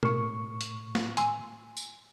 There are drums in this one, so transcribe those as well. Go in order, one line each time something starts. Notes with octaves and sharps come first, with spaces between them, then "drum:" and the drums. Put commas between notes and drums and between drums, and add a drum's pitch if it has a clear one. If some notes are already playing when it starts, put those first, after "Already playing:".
A2 A#4 C#6, drum: tom B2
drum: hi-hat
drum: snare
G#5 C6 E6, drum: hi-hat
drum: tambourine